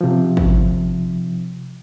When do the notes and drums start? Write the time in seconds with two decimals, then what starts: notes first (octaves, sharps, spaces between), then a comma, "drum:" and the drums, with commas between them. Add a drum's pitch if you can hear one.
0.01 C3 F3
0.37 drum: kick